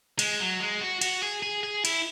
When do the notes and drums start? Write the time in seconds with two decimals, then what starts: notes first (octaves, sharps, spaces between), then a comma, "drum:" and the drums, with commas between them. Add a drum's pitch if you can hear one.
0.19 G#3, drum: cymbal
0.40 F#3
0.60 G#3
0.81 F#4
1.01 F#4, drum: cymbal
1.23 G#4
1.43 G#4
1.63 G#4
1.85 E4, drum: cymbal